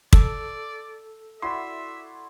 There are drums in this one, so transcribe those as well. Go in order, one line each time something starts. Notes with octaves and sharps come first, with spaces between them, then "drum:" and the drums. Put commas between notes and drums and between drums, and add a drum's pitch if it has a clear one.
A4 D5 E6, drum: kick
E4 F#4 D5 E5 C6